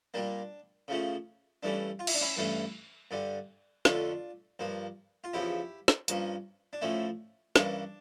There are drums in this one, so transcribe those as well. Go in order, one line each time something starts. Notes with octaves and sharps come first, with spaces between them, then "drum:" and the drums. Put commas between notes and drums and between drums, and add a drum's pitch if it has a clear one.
A#2 G3 A#3 D4
C#3 F3 A3 C#4
G2 E3 A3 C#4 D4
F4
E4, drum: cymbal
D4
C#4 E4
G2 E3 A3 C#4
G2 D3 G3
F2 D3 A3 C#4 D4 F4, drum: snare
G2 F3 A#3
F4
E2 C#3 F3 E4 G4
drum: snare
G2 F3 A#3 C#4, drum: hi-hat
D4
A2 F3 A3 C#4 E4
G2 E3 A#3 C#4 D4, drum: snare